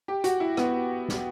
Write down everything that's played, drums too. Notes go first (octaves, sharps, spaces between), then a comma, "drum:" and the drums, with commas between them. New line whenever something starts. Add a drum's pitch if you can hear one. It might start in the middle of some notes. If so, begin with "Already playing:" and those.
G4
F#4, drum: hi-hat
E4
B3, drum: rim click
drum: snare